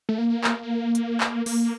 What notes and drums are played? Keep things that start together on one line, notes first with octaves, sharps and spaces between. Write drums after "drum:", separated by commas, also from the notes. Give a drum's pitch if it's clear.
A3
A#3
drum: clap
drum: hi-hat
drum: clap
A#3, drum: open hi-hat